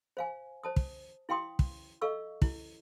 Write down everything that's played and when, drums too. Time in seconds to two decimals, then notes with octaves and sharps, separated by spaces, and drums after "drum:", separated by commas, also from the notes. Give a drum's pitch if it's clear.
0.17 C5 F5 G#5
0.63 C5 A5 D#6
0.76 drum: kick
1.29 E4 F5 G5 C6 D#6
1.59 drum: kick
2.01 A4 D#5 F5 C#6 E6
2.42 E4, drum: kick